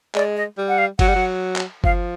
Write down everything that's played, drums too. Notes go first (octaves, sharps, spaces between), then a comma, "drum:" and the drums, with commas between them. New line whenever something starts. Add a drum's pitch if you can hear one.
G#3 D5, drum: clap
D#5
G3
F#5
F5
F#3 F#5, drum: kick G1, cymbal
G3
F#3
drum: clap
F3 F5, drum: kick G1